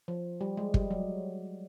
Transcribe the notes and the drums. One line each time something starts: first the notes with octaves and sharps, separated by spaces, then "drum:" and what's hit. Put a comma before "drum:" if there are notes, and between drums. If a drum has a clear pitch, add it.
F3
G3
G#3
G3, drum: kick
F#3